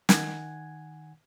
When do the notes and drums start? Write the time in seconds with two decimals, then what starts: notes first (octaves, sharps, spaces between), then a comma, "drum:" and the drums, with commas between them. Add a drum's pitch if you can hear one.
0.09 D#3 F#5 G#5 G#6, drum: snare